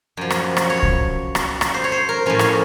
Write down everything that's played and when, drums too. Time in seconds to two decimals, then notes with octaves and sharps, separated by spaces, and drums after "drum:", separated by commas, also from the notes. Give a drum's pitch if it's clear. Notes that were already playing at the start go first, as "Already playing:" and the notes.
0.17 F#2 F3
0.30 drum: rim click
0.57 drum: rim click
0.70 C#5
0.83 drum: kick C2
1.35 drum: rim click
1.61 drum: rim click
1.74 C5
1.84 C#5
1.92 C5
2.09 A#4
2.26 A2 F3 C#4
2.39 drum: rim click